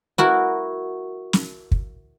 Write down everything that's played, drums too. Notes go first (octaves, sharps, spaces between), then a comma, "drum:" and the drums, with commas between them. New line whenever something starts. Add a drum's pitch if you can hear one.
E4 F#4 A#4
drum: snare
drum: kick